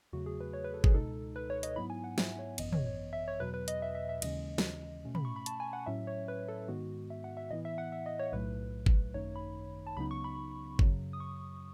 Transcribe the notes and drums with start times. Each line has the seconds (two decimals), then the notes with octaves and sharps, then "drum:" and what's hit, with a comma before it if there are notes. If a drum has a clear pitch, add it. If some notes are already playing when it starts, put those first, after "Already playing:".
0.13 E2 C#3 F#3 A3 F#4
0.26 G#4
0.41 B4
0.53 C#5
0.64 B4
0.74 A4
0.84 G#4, drum: kick G1
0.94 C#2 B2 G#3 D#4 A4
1.36 B4
1.50 C#5
1.63 D#5, drum: hi-hat
1.76 G#2 F#3 B3 E4 B5
1.90 G#5
2.04 F#5
2.18 E5, drum: snare
2.39 C#5
2.58 G#1 F#2 E3 B3 D#5, drum: cymbal
2.73 C#5, drum: tom
2.86 C#5
3.13 E5
3.28 C#5
3.40 E2 B2 F#3 B4
3.54 B4
3.68 D#5, drum: hi-hat
3.82 E5
3.95 E5
4.09 E5
4.22 D#2 C#3 E3 G#3 C#4 D#5, drum: cymbal
4.58 drum: snare
5.05 B2 A3 C#4
5.15 B5, drum: tom
5.25 C#6
5.36 B5
5.46 A5, drum: hi-hat
5.60 G#5
5.73 F#5
5.86 A2 F#3 C#4 E5
6.07 C#5
6.28 B4
6.48 A4
6.68 G#2 D#3 G#3 B3 F#4
7.10 E5
7.24 F#5
7.37 E5
7.51 A2 E3 B3 E4 D#5
7.65 E5
7.78 F#5
7.92 E5
8.06 D#5
8.19 C#5
8.32 B1 A2 F#3 A3 B4
8.86 drum: kick G1
9.14 G#1 F#2 D#3 A3 D#4 C#5
9.36 B5
9.87 A5
9.97 C#2 C#3 F#3 B3 D#4 B5
10.11 C#6
10.24 B5
10.79 F#2 C#3 F#3, drum: kick G1
11.13 D#6
11.20 C#6